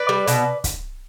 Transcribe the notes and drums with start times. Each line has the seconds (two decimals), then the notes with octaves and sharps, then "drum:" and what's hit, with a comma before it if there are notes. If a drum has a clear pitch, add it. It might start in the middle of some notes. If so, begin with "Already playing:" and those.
Already playing: B4 D5
0.09 G3
0.27 B2, drum: hi-hat
0.64 drum: kick, hi-hat